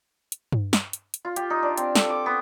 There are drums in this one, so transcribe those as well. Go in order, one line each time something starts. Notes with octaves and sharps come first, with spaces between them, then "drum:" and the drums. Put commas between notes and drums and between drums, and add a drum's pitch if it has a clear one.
drum: hi-hat
drum: tom G2
drum: snare
drum: hi-hat
drum: hi-hat
F4
G4, drum: hi-hat
D#4
D4
C4, drum: hi-hat
A4, drum: snare
D6
B3